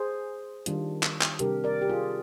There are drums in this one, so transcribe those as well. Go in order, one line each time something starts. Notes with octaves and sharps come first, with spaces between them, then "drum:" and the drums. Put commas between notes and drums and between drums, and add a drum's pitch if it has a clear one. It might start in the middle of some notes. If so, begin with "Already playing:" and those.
Already playing: G#4 C5
D#3 G3 D4 F4, drum: hi-hat
drum: clap
drum: clap
C3 G3 D4 G4 A#4, drum: hi-hat
A#4 D5
G4
F4 G#4